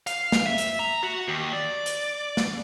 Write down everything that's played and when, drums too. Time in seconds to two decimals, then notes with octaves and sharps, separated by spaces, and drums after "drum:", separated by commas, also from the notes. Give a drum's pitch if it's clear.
0.07 F5, drum: hi-hat
0.32 drum: snare
0.46 E5
0.58 drum: hi-hat
0.79 A#5
1.03 F#4
1.28 D#2
1.53 D5
1.86 drum: hi-hat
2.37 drum: snare